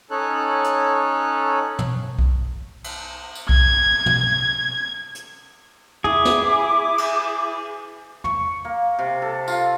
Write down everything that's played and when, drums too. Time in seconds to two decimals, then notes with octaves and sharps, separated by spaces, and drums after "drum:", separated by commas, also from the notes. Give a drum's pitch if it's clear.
0.11 C#4 D#4 A4 C#5 F#6
0.64 drum: hi-hat
1.79 drum: tom
2.19 drum: kick B1
2.84 drum: cymbal
3.35 drum: tambourine
3.49 G#6, drum: kick B1
4.06 drum: tom
5.15 drum: hi-hat
6.04 E4 G#4 D6, drum: tom
6.25 drum: snare
6.98 drum: cymbal
8.24 C#6, drum: tom
8.65 A#3
8.99 C3
9.22 A4
9.48 F4, drum: tambourine